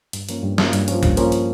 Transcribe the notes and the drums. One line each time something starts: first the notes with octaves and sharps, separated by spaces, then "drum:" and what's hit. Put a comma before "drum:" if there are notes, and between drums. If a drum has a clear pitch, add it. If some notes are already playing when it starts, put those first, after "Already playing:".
G2, drum: hi-hat
F3 A#3 C#4, drum: hi-hat
G2
F3 A#3 C#4, drum: snare
G2, drum: hi-hat
F3 A#3 C#4, drum: hi-hat
G2, drum: kick, hi-hat
F3 A#3 C#4, drum: hi-hat
drum: hi-hat